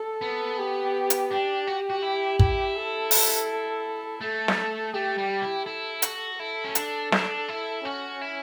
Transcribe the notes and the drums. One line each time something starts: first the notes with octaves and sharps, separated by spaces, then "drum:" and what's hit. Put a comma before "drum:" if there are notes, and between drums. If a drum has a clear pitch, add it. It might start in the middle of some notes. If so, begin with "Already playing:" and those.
Already playing: A4
B3
G4
drum: hi-hat
D4 G4
F#4
F#4
E4
E4, drum: kick
A4
drum: open hi-hat
A3 A4
drum: snare
A3 G4
G3
E4
E4 A4
F#4, drum: hi-hat
E4 A4
C#4
D4, drum: hi-hat
D4, drum: snare
E4
C#4 F#4
E4